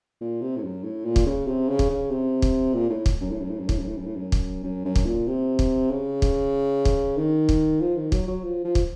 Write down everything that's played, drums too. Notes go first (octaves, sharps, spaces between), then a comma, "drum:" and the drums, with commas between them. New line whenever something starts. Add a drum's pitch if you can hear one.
A#2
C3
A2
F#2
A2
A#2
drum: kick
C#3
C3
C#3
drum: kick
C#3
C3
drum: kick
A#2
A2
drum: kick
F#2
A2
F#2
A2
F#2
A2, drum: kick
F#2
A2
F#2
A2
F#2
drum: kick
F#2
F#2
drum: kick
A#2
C3
drum: kick
C#3
drum: kick
drum: kick
D#3
drum: kick
F3
D#3
F#3, drum: kick
F#3
F3
F3
drum: kick